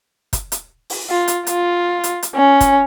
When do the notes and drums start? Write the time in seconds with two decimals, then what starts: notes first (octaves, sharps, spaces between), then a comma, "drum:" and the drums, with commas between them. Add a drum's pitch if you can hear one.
0.33 drum: kick, hi-hat
0.52 drum: hi-hat
0.90 drum: open hi-hat
1.10 F4
1.28 drum: hi-hat
1.47 F4, drum: hi-hat
2.04 drum: hi-hat
2.23 drum: hi-hat
2.36 C#4
2.61 drum: kick, hi-hat